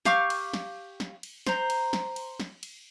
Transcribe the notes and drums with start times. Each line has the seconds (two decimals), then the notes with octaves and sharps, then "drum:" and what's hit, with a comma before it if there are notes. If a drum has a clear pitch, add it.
0.05 G4 F5 C#6 F6, drum: snare
0.30 drum: cymbal
0.53 drum: snare
1.00 drum: snare
1.23 drum: cymbal
1.47 C5 A#5, drum: snare
1.70 drum: cymbal
1.93 drum: snare
2.16 drum: cymbal
2.40 drum: snare
2.63 drum: cymbal